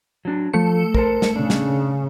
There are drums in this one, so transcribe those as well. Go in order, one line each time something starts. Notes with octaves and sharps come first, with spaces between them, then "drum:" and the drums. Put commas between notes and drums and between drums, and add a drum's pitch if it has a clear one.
F#3 D4
F3 A3 C#7
A#4 C5 A5, drum: kick
drum: snare
C#3 D4
drum: snare